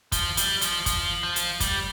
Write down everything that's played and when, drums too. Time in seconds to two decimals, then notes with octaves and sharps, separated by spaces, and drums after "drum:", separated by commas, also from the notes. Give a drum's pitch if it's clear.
0.12 F3, drum: kick, hi-hat
0.37 G3, drum: hi-hat
0.61 F3, drum: hi-hat
0.86 F3, drum: kick, hi-hat
1.23 F3
1.36 drum: hi-hat
1.60 G3, drum: kick, hi-hat